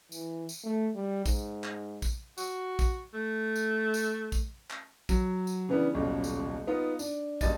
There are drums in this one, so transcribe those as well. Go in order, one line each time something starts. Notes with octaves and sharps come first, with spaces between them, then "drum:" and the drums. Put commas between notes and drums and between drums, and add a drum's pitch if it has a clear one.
E3, drum: tambourine
drum: tambourine
A3
G3
G#2, drum: kick, tambourine
drum: clap
drum: kick, tambourine
F#4, drum: tambourine
drum: kick, tambourine
A3
drum: tambourine
drum: tambourine
drum: kick, tambourine
drum: clap
F#3, drum: kick, tambourine
drum: tambourine
C#3 E3 B3 D4
D#1 B1 C#3
drum: tambourine
B3 D#4 F4
D4, drum: tambourine
F#1 G2 D#5 A6, drum: kick, tambourine